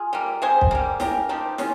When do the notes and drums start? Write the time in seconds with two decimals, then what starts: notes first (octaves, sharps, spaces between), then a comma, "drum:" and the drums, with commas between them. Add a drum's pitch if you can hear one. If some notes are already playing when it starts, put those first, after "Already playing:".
Already playing: F4 G#4
0.13 G3 A#3
0.42 C3 G#4 C5
0.61 drum: kick
0.71 G3 A#3
1.00 C#3 G4 A#4, drum: snare
1.29 F3 A#3 D#4 G4
1.58 C#3 C#4 F4, drum: snare